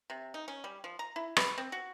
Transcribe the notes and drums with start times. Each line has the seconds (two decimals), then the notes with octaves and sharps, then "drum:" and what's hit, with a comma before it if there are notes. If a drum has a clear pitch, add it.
0.10 C3
0.34 D#4
0.48 C#4
0.64 G3
0.84 F3
0.99 A#5
1.16 E4
1.37 B4, drum: rim click
1.58 C4
1.72 F#4